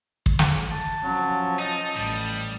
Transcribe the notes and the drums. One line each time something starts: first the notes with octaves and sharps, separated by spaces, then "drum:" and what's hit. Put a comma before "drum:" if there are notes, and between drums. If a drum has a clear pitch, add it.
drum: kick
drum: snare
A5
F3 F#3 C#4
D#4 D#5
A1 G3